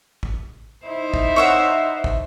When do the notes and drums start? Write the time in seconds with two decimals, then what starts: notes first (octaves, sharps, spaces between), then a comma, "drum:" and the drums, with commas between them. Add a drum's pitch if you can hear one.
0.23 drum: kick
0.86 D#4 E4 C5
1.14 drum: kick
1.36 C#5 E5 F#5
2.04 drum: kick